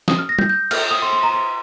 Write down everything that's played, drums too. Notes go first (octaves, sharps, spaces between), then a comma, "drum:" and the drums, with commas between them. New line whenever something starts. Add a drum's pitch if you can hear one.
D#6, drum: snare
F6
A#6
G6, drum: tom
G6
F6, drum: cymbal
D#6
C6
C6
A#5
C6